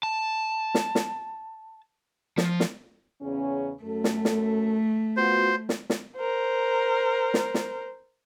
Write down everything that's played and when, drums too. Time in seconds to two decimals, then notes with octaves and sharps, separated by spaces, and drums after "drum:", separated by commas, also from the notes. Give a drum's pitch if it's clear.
0.03 A5
0.75 drum: snare
0.95 drum: snare
2.37 F3, drum: snare
2.60 drum: snare
3.21 E2 C#3 C#4
3.84 F#2 A3 A4
4.04 drum: snare
4.25 drum: snare
5.17 B3 F4 F#4 C5
5.69 drum: snare
5.90 drum: snare
6.17 A#4 C5
7.34 drum: snare
7.54 drum: snare